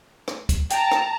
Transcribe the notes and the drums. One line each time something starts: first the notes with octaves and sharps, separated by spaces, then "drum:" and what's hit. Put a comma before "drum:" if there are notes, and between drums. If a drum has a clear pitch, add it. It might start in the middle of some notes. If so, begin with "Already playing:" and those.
drum: rim click
drum: kick, hi-hat
G5 A5 A#5, drum: hi-hat
drum: rim click